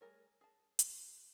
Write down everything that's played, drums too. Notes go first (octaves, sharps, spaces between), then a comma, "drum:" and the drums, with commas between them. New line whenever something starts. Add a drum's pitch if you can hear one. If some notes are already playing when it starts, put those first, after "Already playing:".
G3 A3 G#4 A#4 C#5
G#4 A5
drum: hi-hat